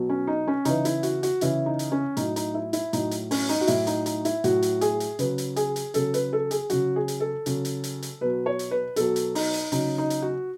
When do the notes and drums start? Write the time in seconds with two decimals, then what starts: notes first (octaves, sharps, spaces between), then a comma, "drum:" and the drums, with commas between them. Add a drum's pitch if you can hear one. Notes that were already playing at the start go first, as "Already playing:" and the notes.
Already playing: B2 F#3
0.09 C#4
0.27 D#4
0.48 C#4
0.65 C#3 E3 D#4, drum: hi-hat
0.85 E4, drum: hi-hat
1.03 F#4, drum: hi-hat
1.23 F#4, drum: hi-hat
1.41 C#3 E3 E4, drum: hi-hat
1.66 D#4
1.79 drum: hi-hat
1.92 C#4
2.17 A2 F#3 D#4, drum: hi-hat
2.36 D#4, drum: hi-hat
2.54 E4
2.73 E4, drum: hi-hat
2.93 A2 F#3 D#4, drum: hi-hat
3.11 drum: hi-hat
3.31 C#4, drum: open hi-hat
3.49 D#4, drum: hi-hat
3.61 F#4
3.67 A2 F#3 E4, drum: hi-hat
3.87 D#4, drum: hi-hat
4.06 D#4, drum: hi-hat
4.25 E4, drum: hi-hat
4.44 A2 F#3 F#4, drum: hi-hat
4.62 drum: hi-hat
4.81 G#4, drum: hi-hat
5.00 drum: hi-hat
5.19 C#3 F#3 B4, drum: hi-hat
5.38 drum: hi-hat
5.56 G#4, drum: hi-hat
5.76 drum: hi-hat
5.94 C#3 F#3 A4, drum: hi-hat
6.14 B4, drum: hi-hat
6.33 A4
6.51 G#4, drum: hi-hat
6.70 C#3 F#3 F#4, drum: hi-hat
6.96 G#4
7.08 drum: hi-hat
7.20 A4
7.46 C#3 F#3, drum: hi-hat
7.65 drum: hi-hat
7.84 drum: hi-hat
8.02 drum: hi-hat
8.21 B2 F#3 B4
8.46 C#5
8.59 drum: hi-hat
8.71 B4
8.96 B2 F#3 A4, drum: hi-hat
9.16 drum: hi-hat
9.35 D#4, drum: open hi-hat
9.54 drum: hi-hat
9.72 C#3 F#3 D#4, drum: hi-hat
9.98 D#4
10.10 drum: hi-hat
10.22 F#4